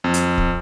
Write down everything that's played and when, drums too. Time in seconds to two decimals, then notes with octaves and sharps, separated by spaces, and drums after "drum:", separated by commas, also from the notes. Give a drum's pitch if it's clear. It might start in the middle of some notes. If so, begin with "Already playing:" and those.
0.04 F2
0.14 drum: hi-hat
0.38 drum: kick